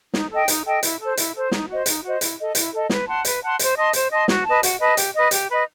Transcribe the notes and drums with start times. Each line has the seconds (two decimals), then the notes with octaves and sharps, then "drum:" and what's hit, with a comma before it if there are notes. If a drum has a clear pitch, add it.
0.14 D#4, drum: snare
0.31 A4 D#5 G5
0.48 D#4, drum: hi-hat
0.65 A4 D#5 G5
0.83 E4, drum: hi-hat
0.99 A4 C5
1.17 E4, drum: hi-hat
1.34 A4 C5
1.51 D#4, drum: snare
1.69 F#4 C5 D#5
1.86 D#4, drum: hi-hat
2.03 F#4 C5 D#5
2.21 E4, drum: hi-hat
2.39 A4 D#5
2.55 E4, drum: hi-hat
2.72 A4 D#5
2.90 B4, drum: snare
3.07 F#5 A5 C6
3.25 B4, drum: hi-hat
3.42 F#5 A5 C6
3.59 C5, drum: hi-hat
3.76 D#5 A5 C6
3.93 C5, drum: hi-hat
4.11 D#5 A5 C6
4.28 F#4, drum: snare
4.45 B4 D#5 A5
4.63 F#4, drum: hi-hat
4.79 B4 D#5 A5
4.97 G4, drum: hi-hat
5.14 B4 D#5
5.31 G4, drum: hi-hat
5.49 B4 D#5